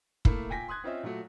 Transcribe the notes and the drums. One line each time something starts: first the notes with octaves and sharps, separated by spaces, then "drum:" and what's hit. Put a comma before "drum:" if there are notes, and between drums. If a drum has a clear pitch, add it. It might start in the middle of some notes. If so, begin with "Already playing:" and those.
A3 A#3 E4, drum: kick
A#2 G5 G#5 A#6 B6
C6 D#6 F#6 G#6
C4 C#4 F4 C5 D#5 E5
A#2 F#3 A3